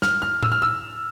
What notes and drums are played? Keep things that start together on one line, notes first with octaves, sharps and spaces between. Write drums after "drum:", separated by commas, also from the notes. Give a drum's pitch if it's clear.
F6, drum: snare
F6
E6, drum: tom A2
F6
E6